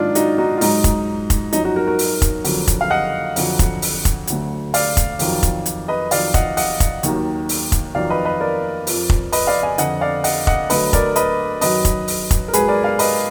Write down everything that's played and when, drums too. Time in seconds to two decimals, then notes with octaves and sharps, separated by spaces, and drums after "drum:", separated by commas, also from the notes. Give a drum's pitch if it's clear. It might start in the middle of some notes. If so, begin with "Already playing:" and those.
Already playing: G#2 D#3 F#3 D4 D#4 F4
0.15 D#4 F#4, drum: hi-hat
0.38 D#4 F#4
0.57 F4
0.61 G#2 F#3 D#4, drum: open hi-hat
0.84 drum: kick F1, hi-hat
1.30 drum: kick F1, hi-hat
1.53 F#2 F3 D#4, drum: hi-hat
1.64 D#4 F#4
1.76 F#4 A#4
1.87 F#4 A#4
1.99 drum: open hi-hat
2.22 drum: kick F1, hi-hat
2.44 F2 D3 F#3, drum: open hi-hat
2.67 drum: kick F1, hi-hat
2.81 F5
2.90 D#5 F#5
3.36 F2 D3 F#3, drum: open hi-hat
3.59 drum: kick F1, hi-hat
3.82 drum: open hi-hat
4.05 drum: kick F1, hi-hat
4.27 D2 D3 F#3, drum: hi-hat
4.74 D5 F5, drum: open hi-hat
4.97 drum: kick F1, hi-hat
5.19 F2 D#3 F#3, drum: open hi-hat
5.43 drum: kick F1, hi-hat
5.66 drum: hi-hat
5.88 B4 D#5
6.11 F2 D#3 F#3 D5 F5, drum: open hi-hat
6.34 D#5 F#5, drum: kick F1, hi-hat
6.57 D#5 F#5, drum: open hi-hat
6.80 drum: kick F1, hi-hat
7.03 D#2 D#3 F#3, drum: hi-hat
7.49 drum: open hi-hat
7.72 drum: kick F1, hi-hat
7.95 F2 D#3 F#3 D5 F5
8.10 B4 D#5
8.25 B4 D#5
8.40 A#4 D5
8.87 F2 F3, drum: open hi-hat
9.10 drum: kick F1
9.32 B4 D#5, drum: open hi-hat
9.47 D5 F5
9.63 F5 G#5
9.78 F2 D3 F3 D#5 F#5, drum: hi-hat
10.01 D5 F5
10.24 D#5 F#5, drum: open hi-hat
10.47 D#5 F#5, drum: kick F1
10.70 D2 D3 F#3 B4 D#5, drum: open hi-hat
10.93 A#4 D5, drum: kick F1, hi-hat
11.16 B4 D#5, drum: hi-hat
11.61 F#2 D#3 F#3 B4 D#5, drum: open hi-hat
11.85 drum: kick F1, hi-hat
12.08 drum: open hi-hat
12.31 drum: kick F1, hi-hat
12.48 A#4
12.53 G#2 F#3 G#4 B4, drum: hi-hat
12.68 A#4 D5
12.83 D5 F5
12.99 B4 D#5, drum: open hi-hat